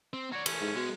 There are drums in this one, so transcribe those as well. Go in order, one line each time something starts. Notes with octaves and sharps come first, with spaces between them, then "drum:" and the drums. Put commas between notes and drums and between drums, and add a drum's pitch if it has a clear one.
C4
F#4 C#5 D5
E3 A3 C#4, drum: cymbal
G#2
B2 G#3